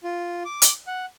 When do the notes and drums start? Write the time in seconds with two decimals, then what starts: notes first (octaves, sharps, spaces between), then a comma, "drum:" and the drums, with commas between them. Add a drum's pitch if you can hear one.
0.04 F4
0.45 D6
0.62 drum: hi-hat
0.87 F#5